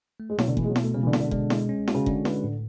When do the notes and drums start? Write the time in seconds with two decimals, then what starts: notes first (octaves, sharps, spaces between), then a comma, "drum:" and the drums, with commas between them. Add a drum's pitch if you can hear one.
0.20 A3
0.30 G#3
0.39 B2 F#3, drum: snare E4
0.48 D3
0.57 B2 E3, drum: kick F#1
0.64 G#3
0.69 F#3
0.76 B2, drum: snare E4
0.82 A3
0.94 C#3 G#3
1.03 E3
1.07 D3
1.13 D4, drum: snare E4
1.20 D3
1.31 D3 G#3, drum: kick F#1
1.50 G#3, drum: snare E4
1.69 C#4
1.88 F#4, drum: snare E4
1.95 C#3
2.06 D3 C#4, drum: kick F#1
2.25 B4, drum: snare E4
2.44 A2